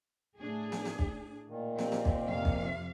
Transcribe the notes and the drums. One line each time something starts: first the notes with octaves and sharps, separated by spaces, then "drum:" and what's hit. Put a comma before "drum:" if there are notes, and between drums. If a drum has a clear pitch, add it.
A2 D4 G#4
drum: snare
drum: snare
drum: kick
A#2 D#3
C4 G4, drum: snare
drum: snare
drum: kick
F2 C3 F5
drum: kick